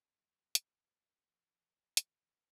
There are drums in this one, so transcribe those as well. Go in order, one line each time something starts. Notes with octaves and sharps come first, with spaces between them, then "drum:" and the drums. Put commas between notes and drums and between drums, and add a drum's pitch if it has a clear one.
F#3
drum: hi-hat
F3
E3, drum: hi-hat